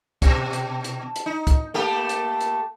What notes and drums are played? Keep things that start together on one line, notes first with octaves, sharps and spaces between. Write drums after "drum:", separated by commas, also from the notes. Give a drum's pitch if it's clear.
B2, drum: kick, hi-hat
drum: hi-hat
drum: hi-hat
drum: hi-hat
D#4
drum: kick, hi-hat
A3 A#3 G4
drum: hi-hat
drum: hi-hat